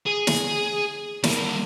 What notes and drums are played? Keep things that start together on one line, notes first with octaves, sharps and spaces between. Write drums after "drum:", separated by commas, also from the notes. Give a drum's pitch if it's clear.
G#4
drum: snare
G3 A#3, drum: snare